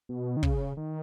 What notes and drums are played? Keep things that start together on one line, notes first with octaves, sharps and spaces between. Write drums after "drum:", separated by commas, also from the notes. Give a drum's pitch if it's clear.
B2
D#3
C#3, drum: kick
D#3